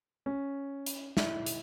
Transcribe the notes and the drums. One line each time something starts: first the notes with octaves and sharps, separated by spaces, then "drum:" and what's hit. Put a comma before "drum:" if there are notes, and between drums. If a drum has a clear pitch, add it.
C#4
drum: hi-hat
E4, drum: snare
drum: hi-hat